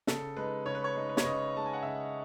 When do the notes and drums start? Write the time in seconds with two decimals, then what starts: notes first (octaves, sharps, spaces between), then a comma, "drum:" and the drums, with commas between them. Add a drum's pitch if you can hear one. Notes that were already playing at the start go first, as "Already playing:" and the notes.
0.07 C#3 A4, drum: snare
0.36 G#3 D#4 B4
0.66 C#3 C#5
0.75 B4
0.84 C#5
0.95 G#3 D#4
1.09 B4
1.17 C#5, drum: snare
1.24 C#3 D#5
1.53 G#3 D#4 A5
1.66 G#5
1.73 F#5
1.82 C#3 E5